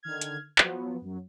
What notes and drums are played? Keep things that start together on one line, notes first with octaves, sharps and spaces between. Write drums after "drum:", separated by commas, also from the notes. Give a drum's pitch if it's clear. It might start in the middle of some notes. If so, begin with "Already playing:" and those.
D3 D#3 F6 G#6
drum: hi-hat
F3 F#3 B3, drum: clap
F#2 F#3